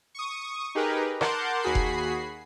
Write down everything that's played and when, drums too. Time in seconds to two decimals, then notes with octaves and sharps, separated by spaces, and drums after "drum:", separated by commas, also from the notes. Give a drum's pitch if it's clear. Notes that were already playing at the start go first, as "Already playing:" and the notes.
0.15 C#6 D#6
0.75 D#4 G4 G#4 A#4 B4
1.21 A#4 F#5 A5 C6 D6 G6, drum: rim click
1.62 D#2 F#4 G#4 B5 C7
1.75 drum: kick F1